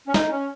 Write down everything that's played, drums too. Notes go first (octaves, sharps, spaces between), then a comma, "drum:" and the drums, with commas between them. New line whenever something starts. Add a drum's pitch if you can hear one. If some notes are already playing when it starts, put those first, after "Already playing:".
C#4
D#4, drum: snare
C#4